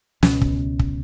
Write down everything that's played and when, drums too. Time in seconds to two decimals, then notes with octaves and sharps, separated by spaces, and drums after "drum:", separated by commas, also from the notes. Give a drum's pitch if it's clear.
0.23 C#2 B2 C#4, drum: snare
0.42 drum: kick
0.79 drum: kick